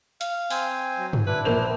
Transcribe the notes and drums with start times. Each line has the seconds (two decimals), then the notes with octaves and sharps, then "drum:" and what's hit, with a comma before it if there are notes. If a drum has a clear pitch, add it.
0.21 F5, drum: hi-hat
0.50 C4 C5 G#5, drum: open hi-hat
0.98 F#3
1.13 drum: tom G2
1.27 D4 E4 B4
1.45 A#1 A#4 C5 F7